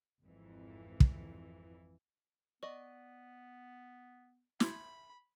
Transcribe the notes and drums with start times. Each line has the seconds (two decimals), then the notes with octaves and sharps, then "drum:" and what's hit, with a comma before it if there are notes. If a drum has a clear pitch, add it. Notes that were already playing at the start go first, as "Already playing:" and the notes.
0.23 G#1 F2 E3
1.00 drum: kick
2.63 B3 D5 D#5 C#6
4.60 E5 B5 C6 G#6, drum: snare